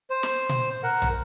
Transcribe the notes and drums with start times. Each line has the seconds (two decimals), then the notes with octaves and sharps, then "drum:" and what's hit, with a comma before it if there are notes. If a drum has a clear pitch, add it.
0.10 C5
0.23 drum: snare
0.49 drum: tom A#2
0.83 A#4 F#5
1.02 drum: tom